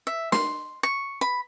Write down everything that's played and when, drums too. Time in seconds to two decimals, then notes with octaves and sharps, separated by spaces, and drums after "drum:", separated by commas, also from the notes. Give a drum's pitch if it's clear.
0.07 E5
0.32 C6, drum: snare
0.83 C#6
1.21 B5